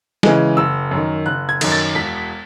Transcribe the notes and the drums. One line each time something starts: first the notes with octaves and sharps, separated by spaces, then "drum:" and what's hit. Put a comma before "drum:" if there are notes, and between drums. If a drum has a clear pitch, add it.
C#3 E3 G#3, drum: snare
F#1 E6
F#2
D#3
F#1 F#6
G#6
F#2 D#3, drum: cymbal
A6
E1 B6